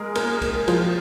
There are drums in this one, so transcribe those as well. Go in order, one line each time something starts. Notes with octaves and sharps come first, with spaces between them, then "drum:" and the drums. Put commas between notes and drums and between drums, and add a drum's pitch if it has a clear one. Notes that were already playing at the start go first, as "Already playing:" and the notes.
Already playing: G#3 G#4 A#4
A#3 A#4, drum: cymbal
drum: kick, cymbal
F3 F4, drum: cymbal